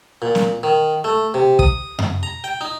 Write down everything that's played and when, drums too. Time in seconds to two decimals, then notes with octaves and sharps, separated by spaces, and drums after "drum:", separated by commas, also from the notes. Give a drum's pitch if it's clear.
0.22 A#2
0.35 drum: snare
0.63 D#3
1.04 A3
1.34 C3
1.59 D#6, drum: kick
1.99 drum: tom F#2
2.23 A#5
2.44 G5
2.61 D#4